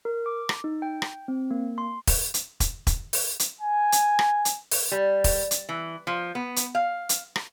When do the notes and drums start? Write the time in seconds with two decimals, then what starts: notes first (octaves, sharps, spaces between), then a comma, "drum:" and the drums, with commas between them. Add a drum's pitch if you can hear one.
0.05 A#4
0.26 D6
0.49 drum: rim click
0.64 D#4
0.82 G5
1.02 drum: rim click
1.28 C4
1.51 A#3
1.78 C6
2.07 drum: kick E1, open hi-hat
2.34 drum: hi-hat
2.60 drum: kick E1, hi-hat
2.87 drum: kick E1, hi-hat
3.13 drum: open hi-hat
3.39 drum: hi-hat
3.60 G#5
3.92 drum: hi-hat
4.19 drum: rim click
4.45 drum: hi-hat
4.72 drum: open hi-hat
4.92 G3
5.24 drum: kick E1, open hi-hat
5.51 drum: hi-hat
5.69 E3
6.07 F3
6.35 B3
6.56 drum: hi-hat
6.75 F5
7.09 drum: hi-hat
7.36 drum: rim click